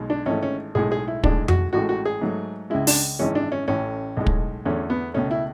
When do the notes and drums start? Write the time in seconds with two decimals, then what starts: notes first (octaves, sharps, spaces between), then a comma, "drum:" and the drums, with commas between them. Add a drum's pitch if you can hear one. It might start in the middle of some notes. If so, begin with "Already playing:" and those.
Already playing: B1 B2 G#3
0.10 D4
0.26 G#1 G#2 E3 A3 C#4
0.43 C#4
0.75 B1 A2 G#3 G#4
0.92 G#4
1.08 E4
1.24 B1 A2 G#3 D4, drum: kick
1.48 F#4, drum: tom F2
1.73 A1 A2 G#3 F#4
1.89 F#4
2.05 G#4
2.21 G#2 F#3 A3
2.70 C#2 C#3 G#3 E4
2.87 D4, drum: open hi-hat
3.19 G#1 F#2 E3 G#3 C#4
3.35 D4
3.52 C#4
3.68 A1 A2 E3 C#4
4.17 B1 A2 G#3
4.26 drum: kick
4.65 E2 D3 A3 C#4
4.90 B3
5.14 C#2 B2 A3 C#4
5.31 E4